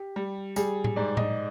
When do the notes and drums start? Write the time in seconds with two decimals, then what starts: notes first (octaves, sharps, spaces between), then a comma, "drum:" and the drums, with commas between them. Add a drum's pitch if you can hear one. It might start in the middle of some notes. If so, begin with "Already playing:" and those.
Already playing: G4
0.16 G3
0.56 G3 G#4, drum: tambourine
0.84 drum: tom A2
0.96 G#2 D5
1.17 D#5, drum: tom A2